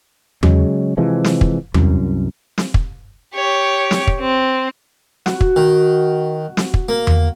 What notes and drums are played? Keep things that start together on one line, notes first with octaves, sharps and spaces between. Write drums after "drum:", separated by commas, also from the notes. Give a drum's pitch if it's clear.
C#3 F#3 G#3, drum: tom E2
C3 E3 F3 G#3
drum: snare
drum: kick
C2 F#2, drum: tom E2
drum: snare
drum: kick
G4 C#5
drum: snare
drum: kick
C4
F#4 C#6, drum: snare
drum: kick
D#3
drum: snare
drum: kick
A#3
drum: tom E2